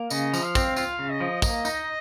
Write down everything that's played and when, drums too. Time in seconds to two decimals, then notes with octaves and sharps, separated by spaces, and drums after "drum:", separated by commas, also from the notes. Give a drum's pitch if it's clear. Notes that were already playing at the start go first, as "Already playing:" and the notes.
Already playing: A#3
0.10 C#3 D#5, drum: tambourine
0.33 F3, drum: tambourine
0.44 F5
0.55 C4, drum: kick, tambourine
0.76 F4 F5, drum: tambourine
0.99 C#3
1.10 D#5
1.20 F3
1.42 A#3 D#5, drum: kick, tambourine
1.65 D#4, drum: tambourine